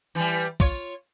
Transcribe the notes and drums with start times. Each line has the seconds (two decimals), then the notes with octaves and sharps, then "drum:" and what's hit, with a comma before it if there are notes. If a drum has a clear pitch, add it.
0.15 E3 G3
0.60 F4 C#5, drum: kick